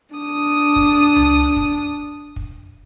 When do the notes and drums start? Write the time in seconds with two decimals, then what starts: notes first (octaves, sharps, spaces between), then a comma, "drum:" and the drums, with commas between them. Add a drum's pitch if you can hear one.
0.16 D4 D#6
0.76 drum: kick
1.16 drum: tom C#2
1.56 drum: kick
2.36 drum: kick